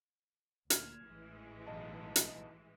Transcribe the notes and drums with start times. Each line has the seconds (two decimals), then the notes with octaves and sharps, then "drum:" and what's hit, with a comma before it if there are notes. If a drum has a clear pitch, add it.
0.70 D2 A#2 F6 G#6 E7, drum: hi-hat
1.06 A1 E3 G#3
1.67 B1 D#5 A5
2.16 drum: hi-hat